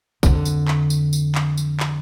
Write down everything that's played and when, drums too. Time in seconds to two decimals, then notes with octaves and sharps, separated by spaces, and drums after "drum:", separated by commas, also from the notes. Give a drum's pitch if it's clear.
0.23 F2 D3, drum: kick A#1, tambourine
0.45 drum: tambourine
0.68 drum: clap
0.90 drum: tambourine
1.13 drum: tambourine
1.35 drum: clap
1.58 drum: tambourine
1.80 drum: clap